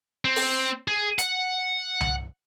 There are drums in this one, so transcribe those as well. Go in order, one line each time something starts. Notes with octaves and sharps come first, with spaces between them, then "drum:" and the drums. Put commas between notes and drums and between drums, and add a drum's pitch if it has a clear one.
C4
drum: open hi-hat
G#4
F#5, drum: hi-hat
drum: tom C2